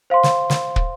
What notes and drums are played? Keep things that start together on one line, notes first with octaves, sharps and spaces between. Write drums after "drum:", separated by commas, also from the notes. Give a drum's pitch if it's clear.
C5 F5 C6
drum: snare
drum: snare
drum: kick